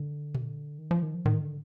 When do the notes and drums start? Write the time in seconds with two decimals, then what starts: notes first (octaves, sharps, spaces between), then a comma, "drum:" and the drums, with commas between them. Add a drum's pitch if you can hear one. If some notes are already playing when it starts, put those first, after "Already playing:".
Already playing: D3
0.35 drum: tom A#2
0.79 D#3
0.91 F3
1.02 D#3
1.14 F3
1.26 D#3, drum: tom G#2
1.41 D3